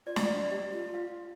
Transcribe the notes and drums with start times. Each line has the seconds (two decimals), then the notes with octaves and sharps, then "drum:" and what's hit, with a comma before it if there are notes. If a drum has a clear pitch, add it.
0.06 F4 D5
0.16 D#5, drum: snare
0.26 D5
0.50 G4 D#5
0.72 F4
0.94 F5